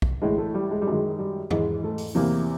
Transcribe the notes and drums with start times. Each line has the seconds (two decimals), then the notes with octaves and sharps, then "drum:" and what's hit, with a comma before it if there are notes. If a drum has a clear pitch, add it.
0.02 drum: kick
0.22 A2 E3 G#3
0.38 A3
0.54 G3
0.71 G#3
0.81 G3
0.86 F#2 D#3 G#3
1.19 G3
1.50 G#2 E3 G#3, drum: tom E2
1.84 A3
1.98 drum: open hi-hat
2.15 E2 C3 E3 A#3